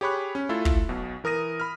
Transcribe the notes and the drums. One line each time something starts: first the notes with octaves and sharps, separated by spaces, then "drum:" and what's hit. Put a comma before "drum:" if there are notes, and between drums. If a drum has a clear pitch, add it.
G4 G#4 C#5 B5 C#6 F#6
C#4
A3 E4 F4 A4
drum: kick
B1 B2
E3 A#4 D#6 A#6 D#7
B5 F6